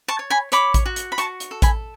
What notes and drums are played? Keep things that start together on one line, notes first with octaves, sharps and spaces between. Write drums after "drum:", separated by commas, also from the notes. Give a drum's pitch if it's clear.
A5 C#6
C#5
G#5 B5
C#5 B5 D6, drum: hi-hat
drum: kick A1, hi-hat
F#4
drum: hi-hat
B5
F#4 A5 C#6, drum: hi-hat
drum: hi-hat
A4
G#5 B5, drum: kick A1, hi-hat